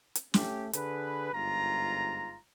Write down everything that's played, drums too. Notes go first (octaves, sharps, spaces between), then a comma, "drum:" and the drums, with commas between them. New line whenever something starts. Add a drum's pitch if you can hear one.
drum: hi-hat
A3 C#4 G4, drum: snare
D3 G#4 B4, drum: hi-hat
G1 G#2 F4 A#5